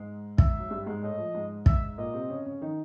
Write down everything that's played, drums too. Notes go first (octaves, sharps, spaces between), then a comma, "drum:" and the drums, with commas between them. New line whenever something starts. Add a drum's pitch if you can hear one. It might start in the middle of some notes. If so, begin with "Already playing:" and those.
Already playing: G#2 G#3
E5, drum: kick
F#3
G2 G3
G#2 G#3
A2 A3 D#5
F3
G#2 G#3
E5, drum: kick
A#2 A#3 D#5
C3 C4
C#3 C#4
C#3 C#4
D#3 D#4